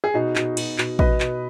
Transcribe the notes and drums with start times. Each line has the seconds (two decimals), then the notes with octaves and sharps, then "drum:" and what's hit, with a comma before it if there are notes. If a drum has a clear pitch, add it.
0.04 G#4
0.14 B2 D#4 F#4
0.36 B2, drum: clap
0.57 B2, drum: cymbal
0.78 B2, drum: clap
0.99 B2 B4 D#5, drum: kick A1
1.20 B2, drum: clap